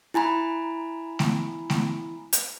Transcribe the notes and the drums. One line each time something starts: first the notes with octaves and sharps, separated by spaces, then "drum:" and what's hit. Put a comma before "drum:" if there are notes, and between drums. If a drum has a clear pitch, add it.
E4 G#5 A#5 B5
drum: snare A3
drum: snare A3
drum: hi-hat